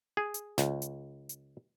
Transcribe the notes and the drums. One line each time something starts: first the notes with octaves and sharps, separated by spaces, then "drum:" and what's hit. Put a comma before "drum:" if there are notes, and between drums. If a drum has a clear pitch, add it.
G#4
drum: hi-hat
C#2, drum: snare
drum: hi-hat
drum: hi-hat